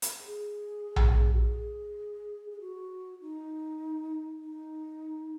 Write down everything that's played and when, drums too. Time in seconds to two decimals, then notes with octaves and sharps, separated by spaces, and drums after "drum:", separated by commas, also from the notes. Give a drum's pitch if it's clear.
0.02 drum: hi-hat
0.21 G#4
0.96 drum: tom A#1
1.34 F#4
1.41 G#4
2.51 G#4
2.60 F#4
3.21 D#4
4.42 D#4